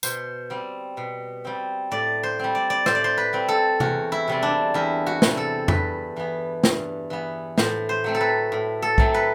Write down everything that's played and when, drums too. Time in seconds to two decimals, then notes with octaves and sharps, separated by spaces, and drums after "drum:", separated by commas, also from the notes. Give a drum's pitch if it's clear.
0.03 B2 C5, drum: tambourine
0.50 G3 C4
0.97 B2
1.45 G3 C4
1.91 A2 D5
2.23 C5
2.39 G3 C4
2.55 D5
2.70 D5
2.86 A2 C5, drum: rim click
2.95 D5
3.04 C5
3.18 B4
3.33 G3 C4
3.48 A4
3.80 E2 F#4, drum: tom
4.12 E4
4.28 C3 G3 C4
4.43 D4
4.74 E2 E4
5.07 F#4
5.22 C3 G3 C4, drum: snare
5.37 A4
5.68 G2 B4, drum: tom F2
6.17 E3 B3
6.64 G2, drum: snare
7.10 E3 B3
7.58 A2 C5, drum: snare
7.89 C5
8.04 F#3 A3 C4
8.15 A4
8.21 B4
8.52 A2
8.82 A4
8.98 F#3 A3 C4, drum: kick
9.14 B4